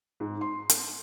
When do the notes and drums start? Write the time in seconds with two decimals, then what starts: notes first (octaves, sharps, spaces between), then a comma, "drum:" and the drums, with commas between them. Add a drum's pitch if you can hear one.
0.20 G#2
0.41 C6
0.70 drum: hi-hat